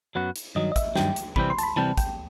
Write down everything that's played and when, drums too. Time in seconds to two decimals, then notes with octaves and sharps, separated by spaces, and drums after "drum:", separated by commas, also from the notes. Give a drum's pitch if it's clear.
0.15 F#2 F#3 B3 F#4
0.36 drum: hi-hat
0.55 G2 D#3 F#3 D#5
0.72 D#5
0.76 E5, drum: kick, hi-hat
0.96 G2 D#3 F#3 G5, drum: snare
1.16 drum: hi-hat
1.36 C3 E3 G3 C4 B5, drum: kick
1.50 C6
1.58 A5, drum: hi-hat
1.63 B5
1.76 C3 E3 G3 C4 A5
1.97 G5, drum: kick, hi-hat